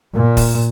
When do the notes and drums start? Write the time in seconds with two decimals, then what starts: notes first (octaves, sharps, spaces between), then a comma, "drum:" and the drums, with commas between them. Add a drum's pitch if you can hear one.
0.14 A#2
0.37 drum: kick, open hi-hat